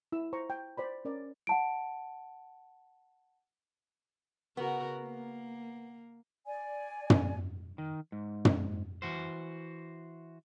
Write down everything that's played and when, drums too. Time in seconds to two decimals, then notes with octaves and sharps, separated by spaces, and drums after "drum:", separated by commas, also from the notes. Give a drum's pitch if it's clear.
0.12 E4 E6
0.33 C5 A#5 C#6
0.50 G5
0.77 C5 D5 B5
1.05 C#4 A#4 D5
1.47 F#5 A5 D7
4.57 C#3 B3 F#4 A#4
5.02 A#3
6.45 D5 G#5
7.10 drum: tom
7.78 D#3
8.12 G#2
8.45 drum: tom
9.02 E3 F#4 C5